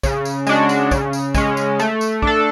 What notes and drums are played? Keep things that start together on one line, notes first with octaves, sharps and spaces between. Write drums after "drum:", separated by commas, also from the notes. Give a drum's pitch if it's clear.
C#3, drum: kick, tambourine
drum: tambourine
G#3 D4 F#4, drum: tambourine
drum: tambourine
C#3, drum: kick, tambourine
drum: tambourine
G#3 C#4, drum: kick, tambourine
drum: tambourine
A3, drum: tambourine
drum: tambourine
D4 A4, drum: kick